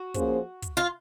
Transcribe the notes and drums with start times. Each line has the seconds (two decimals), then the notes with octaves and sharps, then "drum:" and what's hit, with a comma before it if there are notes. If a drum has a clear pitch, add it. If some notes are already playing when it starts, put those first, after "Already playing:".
Already playing: F#4
0.14 F3 A#3 C#4 G#4 C5, drum: kick, hi-hat
0.62 drum: kick, hi-hat
0.77 F4